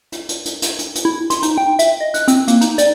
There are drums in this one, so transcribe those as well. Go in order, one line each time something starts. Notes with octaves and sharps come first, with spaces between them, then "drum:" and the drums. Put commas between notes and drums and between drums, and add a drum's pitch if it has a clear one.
drum: hi-hat
drum: hi-hat
drum: hi-hat
drum: hi-hat
drum: hi-hat
drum: hi-hat
E4
C6, drum: hi-hat
D#4, drum: hi-hat
G5
E5, drum: hi-hat
D#5
F#6, drum: hi-hat
C4, drum: hi-hat
A#3, drum: hi-hat
D#4, drum: hi-hat
D5, drum: hi-hat